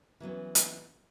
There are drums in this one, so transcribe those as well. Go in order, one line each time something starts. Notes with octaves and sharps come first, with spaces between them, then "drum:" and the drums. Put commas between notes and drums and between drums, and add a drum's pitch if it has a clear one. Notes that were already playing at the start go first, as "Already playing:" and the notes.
E3 F#3 B3 C#4
drum: hi-hat